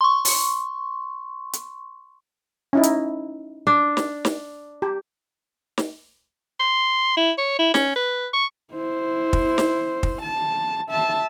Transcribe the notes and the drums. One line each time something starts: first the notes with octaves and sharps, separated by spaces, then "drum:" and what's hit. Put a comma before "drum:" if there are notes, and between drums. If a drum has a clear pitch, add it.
C6 C#6
drum: open hi-hat
drum: hi-hat
C#4 D#4 E4
drum: hi-hat
D4
drum: snare
drum: snare
G4
drum: snare
C6
E4
C#5
E4
C#4, drum: snare
B4
C#6
E4 C5
drum: kick
drum: snare
drum: kick
A5
E5 A5